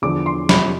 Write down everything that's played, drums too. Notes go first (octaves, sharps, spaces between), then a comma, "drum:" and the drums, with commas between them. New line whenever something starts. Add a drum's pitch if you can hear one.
E2 D3 F3 D6
C6
F2 C3 F3 B5, drum: snare